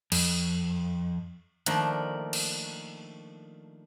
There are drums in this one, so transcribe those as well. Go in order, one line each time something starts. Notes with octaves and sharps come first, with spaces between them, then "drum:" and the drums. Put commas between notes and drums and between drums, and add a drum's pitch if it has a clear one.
F2, drum: cymbal
D#3 F3 A3 A#3 D4, drum: hi-hat
drum: cymbal